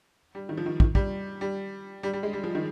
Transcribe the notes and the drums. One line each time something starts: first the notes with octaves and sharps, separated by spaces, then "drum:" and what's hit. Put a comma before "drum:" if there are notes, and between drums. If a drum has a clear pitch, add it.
G3
D#3
F3
D#3
D#3, drum: kick
G3, drum: kick
G3
G3
G3
G#3
G3
F3
D#3